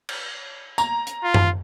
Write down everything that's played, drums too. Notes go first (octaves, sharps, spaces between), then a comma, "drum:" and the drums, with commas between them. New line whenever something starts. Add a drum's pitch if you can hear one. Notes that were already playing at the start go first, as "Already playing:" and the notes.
drum: cymbal
A#5, drum: tambourine
drum: hi-hat
F4
drum: tom F#2